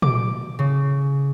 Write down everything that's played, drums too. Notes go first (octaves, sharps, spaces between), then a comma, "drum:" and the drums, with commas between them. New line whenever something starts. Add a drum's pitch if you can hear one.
D6, drum: tom A#2
C#3